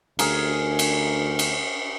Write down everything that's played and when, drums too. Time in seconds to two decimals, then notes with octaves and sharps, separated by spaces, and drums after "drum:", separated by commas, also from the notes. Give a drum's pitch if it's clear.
0.19 D2 G#4 A#4, drum: cymbal
0.79 drum: cymbal
1.39 drum: cymbal